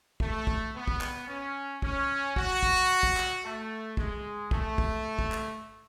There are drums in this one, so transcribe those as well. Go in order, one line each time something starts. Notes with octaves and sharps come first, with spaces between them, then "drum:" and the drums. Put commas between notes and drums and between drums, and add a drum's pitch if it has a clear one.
A3, drum: kick
drum: kick
B3
drum: kick
drum: clap
C#4
C#4, drum: kick
F#4, drum: kick
drum: kick
drum: kick
drum: clap
A3
G#3, drum: kick
A3, drum: kick
drum: kick
drum: kick
drum: clap